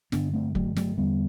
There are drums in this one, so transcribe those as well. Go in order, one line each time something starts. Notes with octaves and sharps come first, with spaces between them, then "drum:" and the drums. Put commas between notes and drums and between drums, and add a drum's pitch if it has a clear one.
G2 D3 B3 D4, drum: snare
A3 C4
F#3 A3, drum: kick
F#3 A3, drum: snare
E2 D3 G3 B3